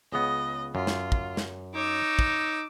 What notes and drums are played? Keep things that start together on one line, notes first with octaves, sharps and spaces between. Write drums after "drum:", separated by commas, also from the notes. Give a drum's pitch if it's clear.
C#2 C#3 B3 D#5
F#2 F4
drum: snare
drum: kick
drum: snare
D#4 C#5 D6 E6
drum: kick